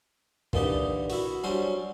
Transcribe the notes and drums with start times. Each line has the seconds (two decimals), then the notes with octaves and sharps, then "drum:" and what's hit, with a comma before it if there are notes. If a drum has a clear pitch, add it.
0.53 A#2 D3 E3 D#4 G4, drum: kick B1
1.10 E4 F#4, drum: open hi-hat
1.44 F#3 G3 C#4 D4 C5